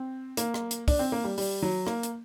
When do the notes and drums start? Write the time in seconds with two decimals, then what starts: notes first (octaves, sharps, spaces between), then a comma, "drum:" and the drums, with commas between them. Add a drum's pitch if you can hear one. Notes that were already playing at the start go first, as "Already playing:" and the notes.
Already playing: C4
0.37 A#3, drum: hi-hat
0.54 drum: rim click
0.71 drum: hi-hat
0.88 D4, drum: kick, open hi-hat
0.99 C4
1.12 A#3
1.24 G3
1.38 G3, drum: open hi-hat
1.62 F#3
1.87 A#3, drum: rim click
2.03 drum: hi-hat